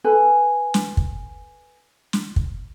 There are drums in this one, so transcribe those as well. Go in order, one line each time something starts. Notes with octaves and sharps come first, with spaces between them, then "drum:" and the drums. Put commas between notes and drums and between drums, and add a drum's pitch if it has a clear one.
A4 B4 G#5
drum: snare
drum: kick
drum: snare
drum: kick